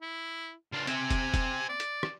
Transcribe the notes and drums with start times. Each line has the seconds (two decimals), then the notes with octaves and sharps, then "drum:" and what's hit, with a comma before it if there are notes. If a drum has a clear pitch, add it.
0.01 E4
0.72 C#2 D4 F4
0.87 C4 E5 G#5, drum: hi-hat
1.11 drum: kick, hi-hat
1.34 drum: kick, hi-hat
1.69 D5
1.80 drum: hi-hat
2.03 drum: rim click